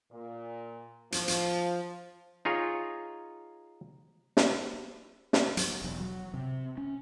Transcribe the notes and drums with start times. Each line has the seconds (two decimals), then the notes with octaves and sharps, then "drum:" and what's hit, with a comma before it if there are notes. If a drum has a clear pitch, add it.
0.12 A#2
1.12 F3, drum: hi-hat
1.28 drum: hi-hat
2.45 D#4 F4 G#4 C#5
4.37 drum: snare
5.33 drum: snare
5.57 F#3, drum: hi-hat
5.82 E1
6.00 F#3
6.34 C3
6.78 C#4